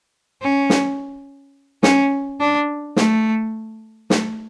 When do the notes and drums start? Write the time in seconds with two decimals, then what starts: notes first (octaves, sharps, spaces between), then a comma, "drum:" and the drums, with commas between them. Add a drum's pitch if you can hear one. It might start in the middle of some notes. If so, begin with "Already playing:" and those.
0.41 C#4
0.70 drum: snare
1.83 C#4, drum: snare
2.40 D4
2.96 A3, drum: snare
4.10 A3, drum: snare